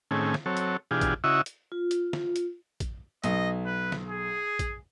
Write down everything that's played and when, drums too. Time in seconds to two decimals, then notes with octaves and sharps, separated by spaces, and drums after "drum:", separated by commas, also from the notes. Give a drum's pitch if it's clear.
0.11 A2 D#3 A3 C4 C#4 G#4
0.34 drum: snare
0.46 F#3 C4 A4 C#5
0.57 drum: hi-hat
0.91 B2 E3 D4 F4 G4 G#4
1.01 drum: kick A#1, hi-hat
1.24 C#3 E4 F#4 D#5 E5 C#6
1.46 drum: hi-hat
1.72 F4
1.91 drum: hi-hat
2.13 drum: snare
2.36 drum: hi-hat
2.80 drum: kick A#1, hi-hat
3.24 B1 D#5, drum: hi-hat
3.66 B4
3.92 drum: snare
4.10 G#4
4.59 drum: kick A#1, hi-hat